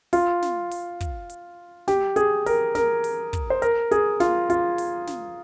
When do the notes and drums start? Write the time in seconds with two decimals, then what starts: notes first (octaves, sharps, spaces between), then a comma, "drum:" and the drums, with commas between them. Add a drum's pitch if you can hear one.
0.13 F4, drum: open hi-hat
0.42 drum: snare
0.71 drum: open hi-hat
1.01 drum: kick, hi-hat
1.30 drum: hi-hat
1.88 G4, drum: snare
2.16 G#4, drum: hi-hat
2.46 A#4, drum: open hi-hat
2.75 A#4, drum: snare
3.04 drum: open hi-hat
3.33 drum: kick, hi-hat
3.50 C5
3.62 A#4, drum: hi-hat
3.91 G#4, drum: hi-hat
4.20 F4, drum: snare
4.50 F4, drum: hi-hat
4.78 drum: open hi-hat
5.07 drum: snare